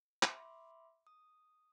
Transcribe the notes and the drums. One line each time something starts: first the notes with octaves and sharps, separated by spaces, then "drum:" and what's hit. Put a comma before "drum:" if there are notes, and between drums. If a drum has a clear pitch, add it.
E5 B5 C6 D6, drum: clap
D#6